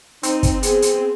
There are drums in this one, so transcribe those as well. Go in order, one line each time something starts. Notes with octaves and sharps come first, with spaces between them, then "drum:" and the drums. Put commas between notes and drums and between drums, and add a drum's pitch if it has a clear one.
C4 D#4, drum: hi-hat
drum: kick, hi-hat
B3 G#4, drum: hi-hat
drum: hi-hat